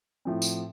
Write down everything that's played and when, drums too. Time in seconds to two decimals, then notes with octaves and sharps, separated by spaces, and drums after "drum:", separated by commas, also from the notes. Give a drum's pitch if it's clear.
0.25 A2 F3 C4
0.42 drum: tambourine